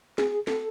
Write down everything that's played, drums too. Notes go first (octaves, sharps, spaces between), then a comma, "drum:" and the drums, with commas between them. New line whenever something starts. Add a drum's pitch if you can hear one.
G#4, drum: snare
A4, drum: snare